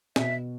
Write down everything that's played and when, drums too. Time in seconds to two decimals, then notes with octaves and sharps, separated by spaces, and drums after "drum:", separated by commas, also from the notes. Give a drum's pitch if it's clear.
0.16 B2 E5, drum: snare